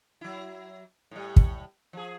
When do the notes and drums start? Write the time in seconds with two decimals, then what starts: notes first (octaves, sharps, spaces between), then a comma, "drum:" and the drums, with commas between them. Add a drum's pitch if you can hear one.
0.21 F#3 E4
1.11 A2 G3
1.36 drum: kick
1.93 F3 G#4